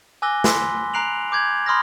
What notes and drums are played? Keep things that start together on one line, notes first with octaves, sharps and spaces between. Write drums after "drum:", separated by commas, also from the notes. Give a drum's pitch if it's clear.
G#5 D6 E6 F#6 A#6 G7
B5 C6 E6 B6, drum: snare
A#5 F#6 C7 D7 F7 F#7
D6 G6 G#6 F#7
B5 C6 D#6 F6 G6 A#6